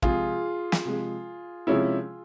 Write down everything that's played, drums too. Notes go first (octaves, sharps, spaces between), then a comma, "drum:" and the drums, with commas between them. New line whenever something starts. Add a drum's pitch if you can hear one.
C3 F3 G#3 F4 G#4, drum: kick
drum: snare
C3 F3 G#3
C3 F3 G#3 C#4 E4